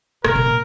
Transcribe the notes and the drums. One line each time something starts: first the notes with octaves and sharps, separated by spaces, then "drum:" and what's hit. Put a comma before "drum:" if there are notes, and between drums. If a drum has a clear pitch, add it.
C3 A#4, drum: rim click
B2
A#2